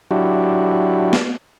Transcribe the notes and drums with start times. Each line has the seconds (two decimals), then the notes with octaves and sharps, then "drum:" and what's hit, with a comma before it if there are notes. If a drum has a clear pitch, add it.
0.11 F#3 D4 E4 F#4 G4
1.13 drum: snare